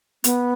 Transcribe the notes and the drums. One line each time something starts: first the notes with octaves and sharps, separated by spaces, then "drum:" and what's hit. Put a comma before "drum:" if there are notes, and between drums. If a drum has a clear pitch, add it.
B3, drum: hi-hat